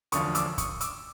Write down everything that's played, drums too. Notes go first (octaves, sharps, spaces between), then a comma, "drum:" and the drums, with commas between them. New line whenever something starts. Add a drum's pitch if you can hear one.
E1 D2 D3 F3 C#6 D#6, drum: hi-hat
D6 E6, drum: hi-hat
C#6 D#6, drum: kick, hi-hat
D6 E6, drum: hi-hat